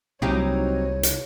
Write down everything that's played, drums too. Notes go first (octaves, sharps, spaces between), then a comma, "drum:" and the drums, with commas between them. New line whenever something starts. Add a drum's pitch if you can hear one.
C2 F#3 A#3 C4 D#4 E4 G4 C#5
drum: hi-hat